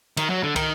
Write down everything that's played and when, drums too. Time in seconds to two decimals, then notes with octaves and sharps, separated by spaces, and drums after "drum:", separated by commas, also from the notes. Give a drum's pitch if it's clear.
0.17 D#3, drum: cymbal
0.30 F#3
0.43 D3
0.56 D#3, drum: kick, cymbal